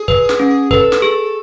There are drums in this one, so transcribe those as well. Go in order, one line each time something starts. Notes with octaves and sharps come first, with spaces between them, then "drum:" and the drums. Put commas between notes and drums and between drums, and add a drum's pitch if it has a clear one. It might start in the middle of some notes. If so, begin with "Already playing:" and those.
Already playing: G#4
B4, drum: kick
drum: snare
C#4
A4 B4, drum: kick
drum: snare
G#4